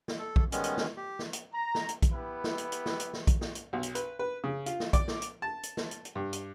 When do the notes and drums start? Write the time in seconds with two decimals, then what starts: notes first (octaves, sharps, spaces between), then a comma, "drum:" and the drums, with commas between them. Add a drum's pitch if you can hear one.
0.08 drum: snare
0.18 A4
0.36 drum: kick
0.52 D#3 G3 G#3 B3 C#4, drum: hi-hat
0.64 drum: hi-hat
0.78 drum: snare
0.97 G4
1.19 drum: snare
1.33 drum: hi-hat
1.53 A#5
1.75 drum: snare
1.89 drum: hi-hat
2.02 drum: kick, hi-hat
2.12 B3 E4 G4 B4
2.44 drum: snare
2.58 drum: hi-hat
2.72 drum: hi-hat
2.86 drum: snare
3.00 drum: hi-hat
3.14 drum: snare
3.27 drum: kick, hi-hat
3.41 drum: snare
3.55 drum: hi-hat
3.73 B1
3.83 drum: hi-hat
3.95 B4, drum: hi-hat
4.19 B4
4.44 C#3
4.66 F4, drum: hi-hat
4.80 drum: snare
4.93 D5, drum: kick, hi-hat
5.08 drum: snare
5.22 drum: hi-hat
5.42 A5
5.63 drum: hi-hat
5.77 drum: snare
5.91 drum: hi-hat
6.05 drum: hi-hat
6.15 G2
6.33 drum: hi-hat